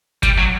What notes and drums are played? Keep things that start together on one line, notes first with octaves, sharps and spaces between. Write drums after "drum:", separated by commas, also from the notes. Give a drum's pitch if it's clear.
G3, drum: kick G1, hi-hat
F#3